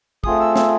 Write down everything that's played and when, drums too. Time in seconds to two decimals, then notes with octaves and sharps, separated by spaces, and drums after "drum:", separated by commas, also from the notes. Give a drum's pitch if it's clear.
0.24 A3 C4 F4 G#4 D#6, drum: kick
0.40 E6
0.56 E6, drum: snare